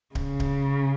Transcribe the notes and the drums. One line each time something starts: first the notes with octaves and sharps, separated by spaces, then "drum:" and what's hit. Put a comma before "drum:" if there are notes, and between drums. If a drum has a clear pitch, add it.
C#3, drum: kick D1
drum: kick D1